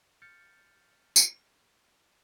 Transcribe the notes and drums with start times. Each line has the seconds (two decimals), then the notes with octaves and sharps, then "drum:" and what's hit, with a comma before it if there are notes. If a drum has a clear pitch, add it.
0.22 F6 G6 A6 C#7
1.16 drum: tambourine